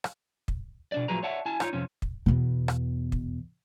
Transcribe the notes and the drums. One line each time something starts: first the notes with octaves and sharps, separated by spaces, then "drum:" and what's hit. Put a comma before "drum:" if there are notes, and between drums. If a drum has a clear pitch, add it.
drum: rim click
drum: kick
B2 D4 D5
A2 F3 F#3 G#4 B4 A#5
C#5 D5 E5 F#5 A5
E4 G#5 A5
D#4 F4 C#5, drum: rim click
F2 C3 C#4
drum: kick
E2 B2
drum: rim click
drum: kick